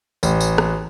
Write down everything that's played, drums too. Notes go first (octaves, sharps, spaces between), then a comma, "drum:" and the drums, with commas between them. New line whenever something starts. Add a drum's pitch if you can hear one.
A1, drum: tambourine
drum: tambourine
drum: rim click